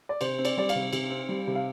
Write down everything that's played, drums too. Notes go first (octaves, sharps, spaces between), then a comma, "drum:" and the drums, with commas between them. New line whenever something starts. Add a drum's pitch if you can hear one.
D5
C3 C5, drum: cymbal
C4
D5, drum: cymbal
G3 D5
F5, drum: cymbal
C3
C3, drum: cymbal
C4
G3
C3
F5